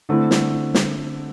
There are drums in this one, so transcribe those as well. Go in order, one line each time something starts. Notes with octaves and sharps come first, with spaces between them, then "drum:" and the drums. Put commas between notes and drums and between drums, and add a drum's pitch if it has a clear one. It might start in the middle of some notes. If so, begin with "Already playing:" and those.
D3 A3 C4 E4
drum: snare
drum: snare